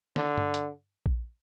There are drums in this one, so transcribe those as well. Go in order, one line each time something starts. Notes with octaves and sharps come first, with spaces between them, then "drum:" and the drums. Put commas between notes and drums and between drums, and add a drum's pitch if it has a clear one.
D3, drum: snare
drum: tom G2
drum: hi-hat
drum: kick A#1